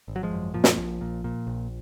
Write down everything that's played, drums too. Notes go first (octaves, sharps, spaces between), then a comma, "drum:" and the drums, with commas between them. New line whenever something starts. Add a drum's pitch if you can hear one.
G#1
F#3
F3 G#3
F#2
A#2 F3
drum: snare
A#1
A#2
A#2
A#1